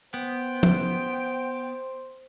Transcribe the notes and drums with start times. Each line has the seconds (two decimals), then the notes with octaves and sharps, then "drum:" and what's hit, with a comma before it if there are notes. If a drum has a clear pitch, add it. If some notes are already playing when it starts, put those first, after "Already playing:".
0.14 B3 C5 G5
0.63 drum: tom